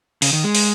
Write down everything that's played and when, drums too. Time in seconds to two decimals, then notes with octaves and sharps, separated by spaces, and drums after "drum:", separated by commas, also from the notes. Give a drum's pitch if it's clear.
0.22 C#3, drum: open hi-hat
0.33 D#3
0.44 G#3
0.55 drum: open hi-hat